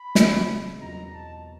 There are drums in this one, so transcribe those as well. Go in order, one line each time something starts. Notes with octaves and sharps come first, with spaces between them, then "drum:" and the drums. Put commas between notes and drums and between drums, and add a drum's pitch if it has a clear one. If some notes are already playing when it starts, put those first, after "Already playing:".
Already playing: B5
C#2 B2 G#3 C4 D#4, drum: snare
E2 B2 F#3 A#3 A#5
A5